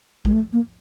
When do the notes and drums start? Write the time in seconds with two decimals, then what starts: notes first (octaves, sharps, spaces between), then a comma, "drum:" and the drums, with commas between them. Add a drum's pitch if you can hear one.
0.25 G#3, drum: kick A#1
0.33 A3
0.53 A#3